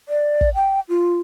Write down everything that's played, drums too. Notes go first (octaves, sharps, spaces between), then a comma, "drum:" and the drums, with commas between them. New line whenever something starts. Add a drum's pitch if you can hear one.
D5
drum: kick
G5
F4